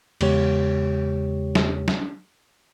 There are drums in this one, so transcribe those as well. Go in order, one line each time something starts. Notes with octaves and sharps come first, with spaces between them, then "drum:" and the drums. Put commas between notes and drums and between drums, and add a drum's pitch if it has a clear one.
E2 C#3 G#3 G4 C#5, drum: cymbal
drum: snare
drum: snare